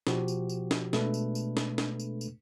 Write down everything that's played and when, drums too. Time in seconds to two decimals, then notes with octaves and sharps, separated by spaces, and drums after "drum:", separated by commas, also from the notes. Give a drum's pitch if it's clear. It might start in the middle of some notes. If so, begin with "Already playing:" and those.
0.07 B2 F3 F#4 G4, drum: snare
0.28 drum: tambourine
0.49 drum: tambourine
0.71 drum: snare
0.93 B2 G#3 A3 D4 A4 B4, drum: snare
1.14 drum: tambourine
1.35 drum: tambourine
1.57 drum: snare
1.78 drum: snare
2.00 drum: tambourine
2.21 drum: tambourine